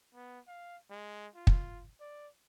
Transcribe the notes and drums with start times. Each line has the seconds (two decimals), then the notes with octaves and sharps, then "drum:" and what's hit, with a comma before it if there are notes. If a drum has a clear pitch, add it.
0.15 B3
0.48 F5
0.90 G#3
1.35 F4
1.47 drum: kick
2.00 D5